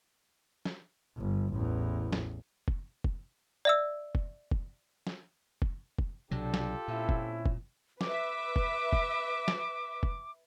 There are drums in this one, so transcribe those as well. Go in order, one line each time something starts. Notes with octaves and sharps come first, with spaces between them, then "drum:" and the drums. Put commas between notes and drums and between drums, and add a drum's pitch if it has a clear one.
drum: snare
G1
A1 E2
drum: snare
drum: kick
drum: kick
D5 E5 E6
drum: kick
drum: kick
drum: snare
drum: kick
drum: kick
B1 C3 F#3 D4 F4 G4 A4
drum: snare
A#2 C4 C#4 E4
drum: kick
drum: kick
B4 E5 D6, drum: snare
drum: kick
drum: kick
drum: snare
drum: kick